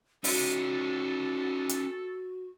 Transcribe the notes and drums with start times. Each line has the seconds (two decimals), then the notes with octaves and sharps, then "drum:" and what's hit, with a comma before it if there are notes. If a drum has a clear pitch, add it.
0.24 C#4 D#4 F#4 A4, drum: open hi-hat
1.69 drum: hi-hat